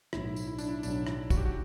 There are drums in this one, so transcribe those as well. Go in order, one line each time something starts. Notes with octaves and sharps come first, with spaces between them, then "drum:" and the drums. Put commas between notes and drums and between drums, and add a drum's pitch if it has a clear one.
B1 A2 F#3 E4, drum: rim click
drum: tambourine
E4
D4, drum: tambourine
E4
B1 A2 F#3 D4, drum: tambourine
E4, drum: rim click
F#4, drum: kick, tambourine
G4
F#4